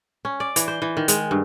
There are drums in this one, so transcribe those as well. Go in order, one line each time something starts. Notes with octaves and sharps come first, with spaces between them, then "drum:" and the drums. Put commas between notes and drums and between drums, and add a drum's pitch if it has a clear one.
C#4
D5
E3, drum: hi-hat
C5
E3
D#3
G#3, drum: hi-hat
G2